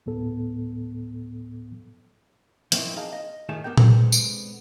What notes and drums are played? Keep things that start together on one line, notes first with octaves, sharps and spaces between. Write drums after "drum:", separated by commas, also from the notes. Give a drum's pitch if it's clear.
D2 A2 B3 A4
F3 A#3 C4 C#4 D#4 E4, drum: hi-hat
D4 D#4 G#4 D#5 F5 A#5
D#5
A2 D#3 A3 G#4 A5
A#3 B3 G4 A#4 G5
G#3 B3 C4 D4 G#4 A4, drum: tom A#2
drum: tambourine